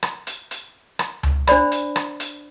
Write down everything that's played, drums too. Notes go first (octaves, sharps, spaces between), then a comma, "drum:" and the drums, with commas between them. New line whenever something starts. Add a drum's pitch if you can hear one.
drum: rim click
drum: hi-hat
drum: hi-hat
drum: rim click
drum: tom C#2
D4 C5 D5 B5, drum: rim click
drum: hi-hat
drum: rim click
drum: hi-hat